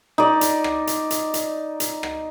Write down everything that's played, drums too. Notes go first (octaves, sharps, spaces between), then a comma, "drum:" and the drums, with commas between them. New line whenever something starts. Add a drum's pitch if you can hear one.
D#4 D5
drum: hi-hat
drum: rim click
drum: hi-hat
drum: hi-hat
drum: hi-hat
drum: hi-hat
drum: rim click